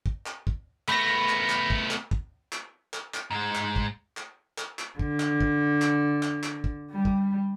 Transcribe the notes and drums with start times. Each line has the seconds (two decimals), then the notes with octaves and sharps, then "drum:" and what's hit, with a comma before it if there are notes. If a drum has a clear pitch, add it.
0.06 drum: kick
0.26 drum: clap
0.47 drum: kick
0.88 A3 B3 B5 A#6, drum: clap
1.29 drum: clap
1.50 drum: clap
1.70 drum: kick
1.91 drum: clap
2.11 drum: kick
2.53 drum: clap
2.94 drum: clap
3.14 drum: clap
3.31 G#2 G#3
3.55 drum: clap
3.76 drum: kick
4.17 drum: clap
4.58 drum: clap
4.79 drum: clap
4.99 D3, drum: kick
5.20 drum: clap
5.41 drum: kick
5.82 drum: clap
6.23 drum: clap
6.43 drum: clap
6.64 drum: kick
6.91 G3
7.05 drum: kick